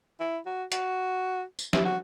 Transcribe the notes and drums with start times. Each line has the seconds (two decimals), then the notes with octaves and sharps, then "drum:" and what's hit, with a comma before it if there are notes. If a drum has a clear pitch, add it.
0.20 E4
0.46 F#4
0.72 F#4, drum: hi-hat
1.59 drum: tambourine
1.73 E4, drum: snare
1.85 F#4